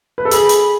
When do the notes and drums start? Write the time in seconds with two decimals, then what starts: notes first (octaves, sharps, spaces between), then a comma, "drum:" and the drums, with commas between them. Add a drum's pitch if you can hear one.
0.18 B4
0.25 A4
0.31 G#4 B5, drum: hi-hat
0.49 drum: hi-hat